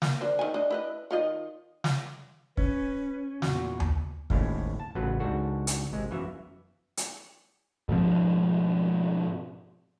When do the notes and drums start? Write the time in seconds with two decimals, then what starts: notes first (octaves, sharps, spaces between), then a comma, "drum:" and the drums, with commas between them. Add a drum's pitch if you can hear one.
0.02 A#3, drum: snare
0.21 D4 A#4 C5
0.39 D#3 C4 G#5
0.54 D4 D#5
0.71 E4 B4 D#5
1.11 D#3 F4 D#5
1.84 drum: snare
2.57 C#4 B4, drum: kick
3.42 E2 A#2 F#4, drum: snare
3.80 drum: tom D#2
4.30 G#1 D#2 A2 C#4 E4 F5, drum: kick
4.80 A5
4.95 A1 C#3 F#3 B3 F4 B4
5.19 C#2 G#2 D4 F#4 A4
5.67 drum: hi-hat
5.92 G#1 C3 G#3
6.11 F#2 E3 B3 F#4 E5 F5
6.97 drum: hi-hat
7.89 G#2 B2 F3 C4